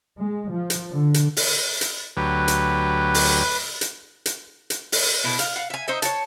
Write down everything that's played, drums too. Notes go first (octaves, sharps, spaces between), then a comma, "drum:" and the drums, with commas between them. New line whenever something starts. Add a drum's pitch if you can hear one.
G#3
F3
drum: hi-hat
D3
drum: hi-hat
drum: open hi-hat
drum: hi-hat
D2 F#3 G4 B4
drum: hi-hat
drum: open hi-hat
drum: hi-hat
drum: hi-hat
drum: hi-hat
drum: open hi-hat
B2 E4
F5, drum: hi-hat
F5 F#5
E5 G#5
D#4 C5 D#5 E5
C#5 A5, drum: hi-hat